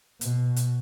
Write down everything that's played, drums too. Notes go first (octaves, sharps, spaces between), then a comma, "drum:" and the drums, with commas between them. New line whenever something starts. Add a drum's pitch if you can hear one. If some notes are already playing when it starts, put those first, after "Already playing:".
B2, drum: hi-hat
drum: hi-hat